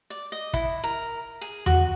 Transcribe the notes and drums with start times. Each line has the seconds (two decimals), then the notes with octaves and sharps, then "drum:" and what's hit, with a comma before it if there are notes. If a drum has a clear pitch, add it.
0.10 D5
0.32 D#5
0.53 E4, drum: kick
0.84 A#4
1.41 G#4
1.66 F#4, drum: tom E2